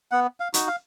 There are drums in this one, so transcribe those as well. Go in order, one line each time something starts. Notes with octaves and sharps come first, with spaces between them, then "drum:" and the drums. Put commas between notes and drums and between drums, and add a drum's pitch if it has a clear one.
B3 F#5
F5
D#4 F#4, drum: hi-hat
F5